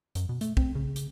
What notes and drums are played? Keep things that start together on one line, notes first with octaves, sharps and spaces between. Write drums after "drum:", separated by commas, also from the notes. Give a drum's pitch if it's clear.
F#2, drum: hi-hat
B2
A3, drum: hi-hat
C4, drum: kick
C#3
drum: hi-hat